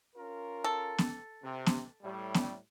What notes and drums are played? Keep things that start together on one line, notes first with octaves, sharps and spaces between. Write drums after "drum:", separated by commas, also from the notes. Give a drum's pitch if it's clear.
C#4 F4 A#4
A4
drum: snare B3
C3
drum: snare B3
A2 G3
drum: snare B3